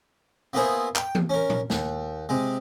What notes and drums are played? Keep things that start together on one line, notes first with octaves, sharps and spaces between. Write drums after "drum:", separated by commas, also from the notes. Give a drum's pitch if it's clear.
A#3 B3 E4 F4 G#4 C5
G5, drum: clap
drum: tom E3
C#4 A#4
drum: tom A#2
D#2, drum: snare
C3 G#3